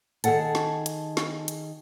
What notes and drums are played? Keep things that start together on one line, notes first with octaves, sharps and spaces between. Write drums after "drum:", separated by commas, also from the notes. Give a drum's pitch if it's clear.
D#3 G#4 A4 F#5 A5, drum: hi-hat
drum: snare
drum: hi-hat
drum: snare
drum: hi-hat